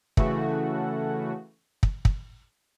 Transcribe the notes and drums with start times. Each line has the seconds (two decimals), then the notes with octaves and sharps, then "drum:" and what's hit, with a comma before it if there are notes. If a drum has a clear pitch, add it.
0.17 C#3 E3 A3 F#4, drum: kick
1.83 drum: kick
2.05 drum: kick